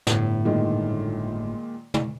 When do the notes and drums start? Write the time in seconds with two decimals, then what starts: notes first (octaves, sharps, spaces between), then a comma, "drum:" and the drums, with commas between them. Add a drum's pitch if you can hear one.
0.07 G1 A2, drum: snare
0.45 A#2 D#3 G#3
1.94 drum: tom